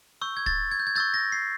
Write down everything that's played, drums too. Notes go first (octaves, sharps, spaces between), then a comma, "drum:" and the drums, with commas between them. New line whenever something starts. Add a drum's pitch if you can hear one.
C#6 E6 G6
G#6
A6, drum: kick
G#6
G6
G#6
C#6 E6 G6 A6
A#6
C7